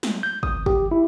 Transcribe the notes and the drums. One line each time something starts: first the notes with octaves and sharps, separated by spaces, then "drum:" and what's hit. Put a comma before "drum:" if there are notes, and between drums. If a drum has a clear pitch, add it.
drum: snare
G6
D#6, drum: kick
G4, drum: kick
E4